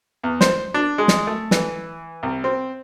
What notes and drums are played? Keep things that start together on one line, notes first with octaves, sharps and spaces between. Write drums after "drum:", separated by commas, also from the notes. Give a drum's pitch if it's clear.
E2
C5, drum: snare
D4
G#3
drum: snare
A3
E3, drum: snare
C2
C4